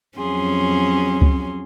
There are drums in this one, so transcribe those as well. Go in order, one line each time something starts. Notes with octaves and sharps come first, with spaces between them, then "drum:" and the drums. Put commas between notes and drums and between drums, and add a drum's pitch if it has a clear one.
F2 F#3 C#4 G#4 C6
drum: kick C#2